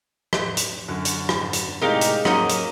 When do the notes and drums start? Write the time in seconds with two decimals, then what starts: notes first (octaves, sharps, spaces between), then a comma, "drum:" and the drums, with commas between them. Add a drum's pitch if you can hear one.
0.33 drum: rim click
0.57 drum: hi-hat
0.88 F#2 D3
1.05 drum: hi-hat
1.29 drum: rim click
1.53 drum: hi-hat
1.81 A2 C3 G#3 D#4 G4 A#4 D5 F5
2.01 drum: hi-hat
2.25 F#3 A#3 C#4 D#4 A#4 D#5 F#5 A#5, drum: rim click
2.49 drum: hi-hat